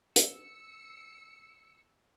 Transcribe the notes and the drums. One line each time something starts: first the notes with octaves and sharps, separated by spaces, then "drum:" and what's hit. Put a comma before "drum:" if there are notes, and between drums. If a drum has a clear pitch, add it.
E6 C#7, drum: hi-hat